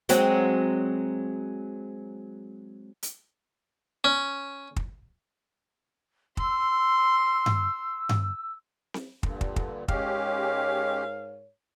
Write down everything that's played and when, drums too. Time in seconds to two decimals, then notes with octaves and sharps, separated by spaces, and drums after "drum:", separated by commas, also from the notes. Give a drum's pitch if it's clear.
0.09 F#3 G#3 C4, drum: hi-hat
3.03 drum: hi-hat
4.04 C#4
4.76 drum: kick
6.37 C6 E6, drum: kick
7.46 drum: tom G2
8.09 drum: tom G2
8.94 drum: snare C4
9.23 G2 A#2 D3, drum: kick
9.41 drum: kick
9.56 drum: kick
9.88 G#2 G#3 C#4 G4 A#4 C#5 F5, drum: kick